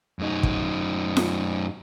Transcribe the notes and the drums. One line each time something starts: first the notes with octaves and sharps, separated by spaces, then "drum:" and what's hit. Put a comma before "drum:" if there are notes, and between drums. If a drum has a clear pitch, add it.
F#2 D#4
drum: kick
drum: snare F4